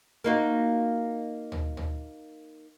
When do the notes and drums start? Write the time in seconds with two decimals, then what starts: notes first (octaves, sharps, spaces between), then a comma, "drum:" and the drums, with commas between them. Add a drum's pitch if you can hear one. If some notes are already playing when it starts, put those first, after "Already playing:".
0.24 A#3 D#4 F#4
1.52 drum: tom
1.77 drum: tom